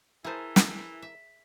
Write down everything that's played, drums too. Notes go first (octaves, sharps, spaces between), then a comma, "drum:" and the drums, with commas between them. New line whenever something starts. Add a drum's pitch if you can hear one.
E3 E4 G#4 A#4 C5 A5
drum: snare
E5